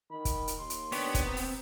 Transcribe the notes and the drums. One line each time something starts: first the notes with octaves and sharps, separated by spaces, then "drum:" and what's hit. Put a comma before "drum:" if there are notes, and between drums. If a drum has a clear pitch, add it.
D#3 B5
drum: kick, hi-hat
drum: hi-hat
D#2 C6
drum: hi-hat
B3 D4 G4 C#5, drum: open hi-hat
drum: kick, hi-hat
C4 A#5
drum: open hi-hat